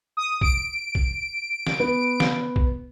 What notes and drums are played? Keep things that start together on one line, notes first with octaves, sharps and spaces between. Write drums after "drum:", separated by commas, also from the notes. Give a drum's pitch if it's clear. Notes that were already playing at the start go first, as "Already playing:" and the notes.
D#6
D7, drum: kick B1
drum: kick B1
drum: snare
B3
drum: snare
drum: kick B1